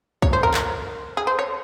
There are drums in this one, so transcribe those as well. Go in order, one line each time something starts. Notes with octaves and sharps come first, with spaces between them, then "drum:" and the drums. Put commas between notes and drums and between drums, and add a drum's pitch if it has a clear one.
C#5, drum: kick
C5
A#4
drum: clap
G#4
C5
C#5